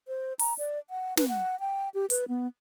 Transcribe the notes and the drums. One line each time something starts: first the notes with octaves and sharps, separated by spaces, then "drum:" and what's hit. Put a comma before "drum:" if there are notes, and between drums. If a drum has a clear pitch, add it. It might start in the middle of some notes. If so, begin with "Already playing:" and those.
C5
A#5, drum: open hi-hat
D5
F#5
B4, drum: snare
F#5
G5
G4
B4, drum: hi-hat
B3